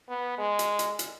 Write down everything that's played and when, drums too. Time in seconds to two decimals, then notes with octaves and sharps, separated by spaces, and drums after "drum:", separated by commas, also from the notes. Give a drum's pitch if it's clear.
0.09 B3
0.38 G#3
0.59 drum: hi-hat
0.79 drum: hi-hat
0.99 drum: hi-hat